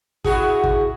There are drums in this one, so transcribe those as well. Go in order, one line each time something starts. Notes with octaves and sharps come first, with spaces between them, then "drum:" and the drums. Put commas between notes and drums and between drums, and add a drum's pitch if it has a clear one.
E4 F#4 G#4, drum: kick
drum: kick